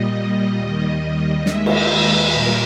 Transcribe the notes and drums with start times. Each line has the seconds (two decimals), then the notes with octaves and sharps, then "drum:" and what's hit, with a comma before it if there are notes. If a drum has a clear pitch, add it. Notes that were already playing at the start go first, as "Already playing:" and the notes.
Already playing: A#2 G3 D#5
0.59 D#2 D#3 G3
1.46 D#2 D#3 G#3 E5, drum: snare
1.66 drum: cymbal
2.04 B4
2.33 A#2 G3 A#4